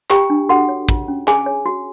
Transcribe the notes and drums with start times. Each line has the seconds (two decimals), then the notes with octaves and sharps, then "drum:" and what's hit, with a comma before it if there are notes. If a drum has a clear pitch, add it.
0.10 F4 G4 G5, drum: clap
0.30 D4
0.49 F#4 A4 F#5
0.69 C#5
0.89 F4, drum: kick
1.08 C#4
1.28 G#4 G#5, drum: clap
1.46 C#5
1.66 F#4